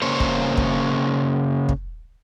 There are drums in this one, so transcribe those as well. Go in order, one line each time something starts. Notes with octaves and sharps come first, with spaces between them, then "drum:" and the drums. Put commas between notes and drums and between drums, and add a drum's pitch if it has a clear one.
C#3 A#3 C5 C#5
drum: kick
drum: kick
drum: kick